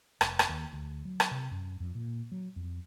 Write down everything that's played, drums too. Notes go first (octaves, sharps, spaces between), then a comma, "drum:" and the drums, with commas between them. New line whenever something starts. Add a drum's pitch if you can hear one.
F1, drum: rim click
drum: rim click
D#2
D2
F#3
drum: rim click
C3
F#2
F2
A#2
F#3
F2